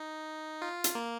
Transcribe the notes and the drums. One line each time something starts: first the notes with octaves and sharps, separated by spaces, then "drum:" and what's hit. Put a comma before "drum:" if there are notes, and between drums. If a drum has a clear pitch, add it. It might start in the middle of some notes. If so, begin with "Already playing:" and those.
Already playing: D#4
F4
drum: hi-hat
A#3